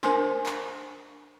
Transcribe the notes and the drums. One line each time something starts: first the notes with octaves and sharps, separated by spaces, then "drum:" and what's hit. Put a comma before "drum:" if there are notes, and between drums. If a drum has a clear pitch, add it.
D4 A#4 C5 G#5 C6, drum: snare
drum: clap